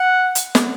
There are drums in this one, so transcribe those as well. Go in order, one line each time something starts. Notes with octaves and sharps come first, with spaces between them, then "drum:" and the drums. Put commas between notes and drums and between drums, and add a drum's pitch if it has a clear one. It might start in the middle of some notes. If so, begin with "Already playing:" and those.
Already playing: F#5
drum: hi-hat
drum: snare